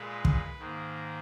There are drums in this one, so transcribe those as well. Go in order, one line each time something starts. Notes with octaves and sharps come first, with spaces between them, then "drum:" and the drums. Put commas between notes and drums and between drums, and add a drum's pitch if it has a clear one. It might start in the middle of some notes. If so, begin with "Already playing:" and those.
Already playing: A#2 G#3 B4
drum: kick
G#2 D#3 A#3